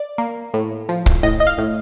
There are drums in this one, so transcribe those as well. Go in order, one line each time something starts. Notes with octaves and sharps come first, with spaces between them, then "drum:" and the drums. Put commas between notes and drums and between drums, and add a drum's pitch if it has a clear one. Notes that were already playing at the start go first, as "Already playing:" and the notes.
Already playing: D5
A#3
A2
F3
drum: kick
A2 D#5
D#5
F5
A2